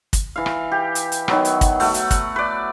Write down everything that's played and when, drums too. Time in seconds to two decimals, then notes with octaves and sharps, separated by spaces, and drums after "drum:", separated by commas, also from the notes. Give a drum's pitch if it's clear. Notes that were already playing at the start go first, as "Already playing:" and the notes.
0.13 drum: kick, hi-hat
0.36 E3 F5
0.46 drum: rim click
0.72 G4
0.95 drum: hi-hat
1.12 drum: hi-hat
1.28 D#3 F#3 B3, drum: rim click
1.45 drum: hi-hat
1.61 drum: kick, hi-hat
1.80 A3 F#4, drum: open hi-hat
1.94 drum: hi-hat
2.11 F#5, drum: kick, hi-hat
2.36 B4 D5